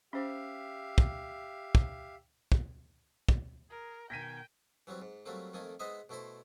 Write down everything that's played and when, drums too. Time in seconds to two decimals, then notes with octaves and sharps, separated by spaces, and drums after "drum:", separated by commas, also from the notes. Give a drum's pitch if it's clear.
0.13 C#4 G4 C5 E5 F5
0.98 drum: kick
1.75 drum: kick
2.52 drum: kick
3.29 drum: kick
3.70 G#4 A#4
4.10 B2 D#3 G5 G#5 A#6 B6 D#7
4.87 E3 F#3 G3 C4
5.02 G#2
5.26 F#3 G3 A3 A#3 C4
5.53 F2 D#3 A3 A#3 G#5
5.80 G#3 B3 D#4 C5 D#5 E5
6.09 B2 A3 E4 C5 C6